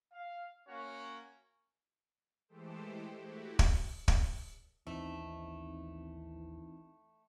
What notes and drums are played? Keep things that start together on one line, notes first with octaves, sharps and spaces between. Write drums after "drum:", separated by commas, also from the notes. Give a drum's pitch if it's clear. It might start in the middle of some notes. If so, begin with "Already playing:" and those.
F5
A#3 C#4 F#4 C#5
E3 G#3 A3 G4 A4 C5
A3 E4 F#4 G4
drum: kick
drum: kick
A1 D#2 E3 A3 C4 C#4 D#4